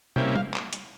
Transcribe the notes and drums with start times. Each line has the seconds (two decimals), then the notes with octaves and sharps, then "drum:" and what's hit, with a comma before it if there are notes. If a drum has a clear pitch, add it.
0.16 C3 G3 A#3 C#4 E4 G5, drum: tom
0.36 F5, drum: tom
0.54 drum: clap
0.73 drum: hi-hat